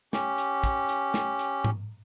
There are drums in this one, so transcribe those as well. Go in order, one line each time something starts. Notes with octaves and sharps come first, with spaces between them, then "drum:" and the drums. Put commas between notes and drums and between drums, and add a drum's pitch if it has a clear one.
C#4 G4, drum: snare
drum: hi-hat
drum: kick, hi-hat
drum: hi-hat
drum: snare
drum: hi-hat
drum: tom G#2